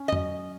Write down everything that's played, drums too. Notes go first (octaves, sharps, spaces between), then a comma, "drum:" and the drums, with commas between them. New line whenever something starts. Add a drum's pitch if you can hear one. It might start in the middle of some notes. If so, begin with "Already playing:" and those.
Already playing: C#4
D#5
F#3, drum: tom F2